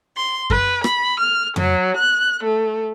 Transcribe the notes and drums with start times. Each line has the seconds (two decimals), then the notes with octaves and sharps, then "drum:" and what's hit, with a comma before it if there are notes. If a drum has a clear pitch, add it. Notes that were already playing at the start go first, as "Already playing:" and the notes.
0.16 C6
0.50 B4, drum: kick F#2
0.84 B5, drum: rim click
1.19 F6
1.56 F#3, drum: tom F2
1.96 F#6
2.43 A3